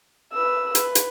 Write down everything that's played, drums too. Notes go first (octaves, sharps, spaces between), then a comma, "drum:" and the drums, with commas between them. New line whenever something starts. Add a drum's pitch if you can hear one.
B4 E6
B4, drum: hi-hat
drum: hi-hat